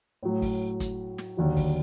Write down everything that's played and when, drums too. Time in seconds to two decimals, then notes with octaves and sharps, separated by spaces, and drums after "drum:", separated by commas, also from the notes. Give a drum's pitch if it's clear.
0.23 A2 F#3 A3
0.42 drum: kick, open hi-hat
0.80 drum: kick, hi-hat
1.18 drum: snare
1.37 D#2 D3 F#3
1.56 drum: kick, open hi-hat